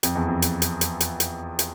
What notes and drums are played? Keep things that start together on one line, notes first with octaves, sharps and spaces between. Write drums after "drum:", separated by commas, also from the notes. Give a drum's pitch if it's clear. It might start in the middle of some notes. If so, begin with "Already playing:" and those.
F2, drum: hi-hat
E2
F2
drum: hi-hat
drum: hi-hat
drum: hi-hat
drum: hi-hat
drum: hi-hat
drum: hi-hat